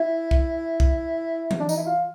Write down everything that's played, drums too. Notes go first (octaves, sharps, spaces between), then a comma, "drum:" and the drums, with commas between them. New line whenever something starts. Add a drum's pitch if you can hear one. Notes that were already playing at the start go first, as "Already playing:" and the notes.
Already playing: E4
drum: kick
drum: kick
drum: tom E3
D4
D#4, drum: tambourine
E4
F4